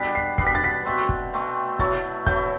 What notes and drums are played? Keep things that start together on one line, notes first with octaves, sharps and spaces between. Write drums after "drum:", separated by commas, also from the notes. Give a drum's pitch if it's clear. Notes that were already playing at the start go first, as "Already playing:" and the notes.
Already playing: B2 G3 B3 D4 B6
C7
B2 G3 B3 D4 C7, drum: kick
B6
A6
B6
B2 A3 C4
drum: kick
B2 A3 C4
B2 F#3 A3 E4 A6, drum: kick
B2 F#3 A3 E4 G6, drum: kick